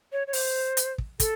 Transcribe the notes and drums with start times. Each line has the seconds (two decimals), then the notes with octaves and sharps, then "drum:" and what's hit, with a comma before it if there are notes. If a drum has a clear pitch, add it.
0.12 C#5
0.27 C#5
0.33 C5, drum: open hi-hat
0.77 drum: hi-hat
0.98 drum: kick
1.20 A4, drum: kick, hi-hat